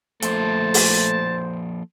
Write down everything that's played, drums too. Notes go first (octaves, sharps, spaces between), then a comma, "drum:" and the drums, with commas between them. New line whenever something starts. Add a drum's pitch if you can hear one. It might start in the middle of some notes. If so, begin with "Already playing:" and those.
F3 A3 A#3 A4 C5 A5, drum: hi-hat
drum: open hi-hat